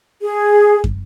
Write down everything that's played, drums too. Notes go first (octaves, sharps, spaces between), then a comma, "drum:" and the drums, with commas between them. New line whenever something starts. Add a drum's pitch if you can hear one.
G#4
drum: kick